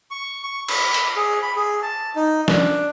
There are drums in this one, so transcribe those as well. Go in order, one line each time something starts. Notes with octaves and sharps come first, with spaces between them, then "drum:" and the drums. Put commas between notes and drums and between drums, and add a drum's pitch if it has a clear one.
C#6
C#6
B5, drum: cymbal
drum: hi-hat
G#4
B5
G#4
A5
D#4
D4, drum: snare